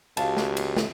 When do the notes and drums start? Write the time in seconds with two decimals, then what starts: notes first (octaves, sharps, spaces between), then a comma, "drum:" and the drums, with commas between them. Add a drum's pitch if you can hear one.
0.17 C#2 F#4 G4 F5 A5, drum: cymbal
0.37 drum: snare
0.57 drum: cymbal
0.76 drum: snare